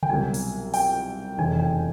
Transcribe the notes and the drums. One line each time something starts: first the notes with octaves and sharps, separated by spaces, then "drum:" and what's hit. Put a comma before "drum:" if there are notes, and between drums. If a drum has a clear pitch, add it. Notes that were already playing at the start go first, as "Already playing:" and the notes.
G5, drum: tom C#3
C2 B2 F#3 G#5
drum: open hi-hat
G5, drum: open hi-hat
F1 E2 C#3 E3 G#5
G5